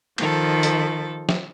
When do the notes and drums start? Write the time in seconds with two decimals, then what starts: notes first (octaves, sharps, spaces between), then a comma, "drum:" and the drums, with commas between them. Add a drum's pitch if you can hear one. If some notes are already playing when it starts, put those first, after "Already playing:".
0.18 D#3 F3 A4, drum: cymbal
0.63 drum: hi-hat
1.29 drum: snare